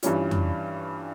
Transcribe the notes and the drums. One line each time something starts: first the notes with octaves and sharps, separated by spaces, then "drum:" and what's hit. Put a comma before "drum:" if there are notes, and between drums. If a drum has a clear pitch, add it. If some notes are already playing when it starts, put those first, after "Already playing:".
G2 E3 G3 C#4 F4, drum: hi-hat
drum: tom F2